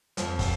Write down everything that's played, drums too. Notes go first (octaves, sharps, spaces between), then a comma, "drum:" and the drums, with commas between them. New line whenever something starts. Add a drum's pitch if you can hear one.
F2 F3, drum: hi-hat
drum: kick, open hi-hat